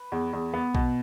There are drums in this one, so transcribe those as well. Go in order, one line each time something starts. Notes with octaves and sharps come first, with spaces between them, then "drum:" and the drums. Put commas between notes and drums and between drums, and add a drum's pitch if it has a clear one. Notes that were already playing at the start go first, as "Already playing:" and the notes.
Already playing: B4
E2
E2
B3
B2, drum: kick A#1